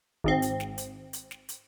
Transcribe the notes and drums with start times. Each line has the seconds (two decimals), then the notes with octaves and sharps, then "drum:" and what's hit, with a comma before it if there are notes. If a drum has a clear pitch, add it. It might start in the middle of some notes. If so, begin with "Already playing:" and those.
0.24 G#1 G#2 C4
0.42 drum: hi-hat
0.60 drum: snare
0.78 drum: hi-hat
1.13 drum: hi-hat
1.31 drum: snare
1.49 drum: hi-hat